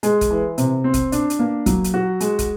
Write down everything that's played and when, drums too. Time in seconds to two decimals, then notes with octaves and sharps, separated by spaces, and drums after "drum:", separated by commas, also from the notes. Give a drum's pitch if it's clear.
0.03 G#3, drum: hi-hat
0.21 drum: kick, hi-hat
0.30 E3
0.58 C3, drum: hi-hat
0.84 C4
0.94 drum: kick, hi-hat
1.12 D4, drum: hi-hat
1.30 drum: hi-hat
1.39 A#3
1.66 F#3, drum: kick, hi-hat
1.84 drum: hi-hat
1.94 F#4
2.20 G#3, drum: hi-hat
2.39 drum: kick, hi-hat